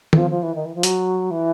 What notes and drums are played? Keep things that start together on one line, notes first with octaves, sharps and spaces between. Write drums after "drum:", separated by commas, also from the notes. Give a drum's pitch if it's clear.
E3, drum: tom
F3
F3
E3
D#3
E3
F3
F#3, drum: hi-hat
E3